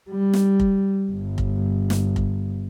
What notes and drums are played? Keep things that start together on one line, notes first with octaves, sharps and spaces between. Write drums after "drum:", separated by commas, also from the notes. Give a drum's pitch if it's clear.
G3
drum: snare
drum: kick F1
G1
drum: kick F1
drum: snare
drum: kick F1